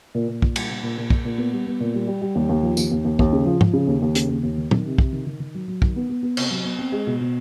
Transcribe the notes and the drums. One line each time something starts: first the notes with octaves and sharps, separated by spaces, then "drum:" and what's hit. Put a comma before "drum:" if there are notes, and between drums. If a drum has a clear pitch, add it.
A#2
A#2
A#2, drum: kick
G3, drum: cymbal
A#2
A#2
A#2
A#2, drum: kick
A#2
B3
G3
B3
A#2
G3
G3
G3
D#2
D#2
F3
D#2, drum: tambourine
D#2
D#2
D#2, drum: kick
C#3
F3
F3, drum: tom G#2
C#3
D#2
D#2
C#3, drum: hi-hat
D#2
D#2
D#3
D#3, drum: tom
C3
C3, drum: kick
D#3
D#3
D#3
F#3
F#3
D#3, drum: kick
B3
B3
B3
C3, drum: cymbal
F#3
B3
C4
G#3
B2
B2